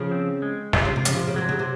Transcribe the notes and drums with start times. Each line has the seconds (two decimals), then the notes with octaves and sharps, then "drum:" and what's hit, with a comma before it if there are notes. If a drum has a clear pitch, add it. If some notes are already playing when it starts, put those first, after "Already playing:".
Already playing: C#3 F3
0.11 C4
0.42 G#3
0.73 C3 F4, drum: snare
0.85 C#3
0.96 C3
1.05 C#3 F3, drum: hi-hat
1.16 C3
1.28 C#3
1.36 C3 F#3
1.49 C#3
1.59 C3